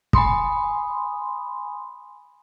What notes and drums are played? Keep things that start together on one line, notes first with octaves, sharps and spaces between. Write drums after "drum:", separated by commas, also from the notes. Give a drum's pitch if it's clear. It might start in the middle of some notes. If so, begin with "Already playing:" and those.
G#5 B5 C6 D#6, drum: kick